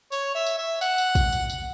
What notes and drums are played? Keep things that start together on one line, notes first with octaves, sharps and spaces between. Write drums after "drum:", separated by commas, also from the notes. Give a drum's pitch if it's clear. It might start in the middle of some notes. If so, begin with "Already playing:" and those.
C#5, drum: tambourine
E5
drum: tambourine
E5
F#5, drum: tambourine
drum: tambourine
drum: kick, tambourine
drum: tambourine
drum: tambourine